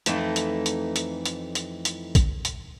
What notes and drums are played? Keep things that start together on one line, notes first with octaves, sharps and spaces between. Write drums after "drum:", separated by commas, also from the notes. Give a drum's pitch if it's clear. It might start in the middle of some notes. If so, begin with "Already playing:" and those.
F2 E3 A3 D#4, drum: hi-hat
drum: hi-hat
drum: hi-hat
drum: hi-hat
drum: hi-hat
drum: hi-hat
drum: hi-hat
drum: kick, hi-hat
drum: hi-hat